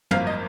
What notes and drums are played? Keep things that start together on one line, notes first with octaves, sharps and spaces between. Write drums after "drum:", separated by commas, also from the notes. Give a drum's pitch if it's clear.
G#1 F#2 F3 A#3 F5, drum: tom
D#5